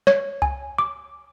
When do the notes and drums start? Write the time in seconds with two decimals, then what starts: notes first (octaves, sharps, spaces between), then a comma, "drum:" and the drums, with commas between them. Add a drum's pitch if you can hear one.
0.07 C#5, drum: snare
0.42 G#5, drum: kick C2
0.78 D6